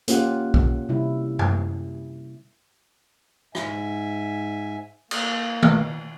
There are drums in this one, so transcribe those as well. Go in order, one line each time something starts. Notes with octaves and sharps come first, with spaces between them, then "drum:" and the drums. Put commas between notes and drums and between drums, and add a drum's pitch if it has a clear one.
A#3 C#4 F4 G4 F#5, drum: hi-hat
drum: kick
C3 G3 E4
drum: tom F#2
G#2 E5 G#5, drum: rim click
A#3, drum: cymbal
drum: tom D#3